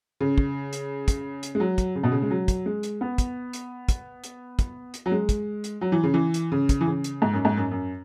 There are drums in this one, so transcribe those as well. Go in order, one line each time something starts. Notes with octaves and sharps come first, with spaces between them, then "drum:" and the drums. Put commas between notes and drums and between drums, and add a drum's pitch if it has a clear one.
C#3
drum: kick
drum: hi-hat
drum: kick, hi-hat
drum: hi-hat
G#3
F#3
drum: kick, hi-hat
C#3
B2
C#3
G#3
F#3
drum: kick, hi-hat
G#3
drum: hi-hat
B3
drum: kick, hi-hat
drum: hi-hat
drum: kick, hi-hat
drum: hi-hat
drum: kick, hi-hat
drum: hi-hat
F#3
G#3
drum: kick, hi-hat
drum: hi-hat
F#3
E3
C#3
E3
drum: hi-hat
C#3
drum: kick, hi-hat
E3
C#3
drum: hi-hat
G#2
F#2
G#2
F#2
F#2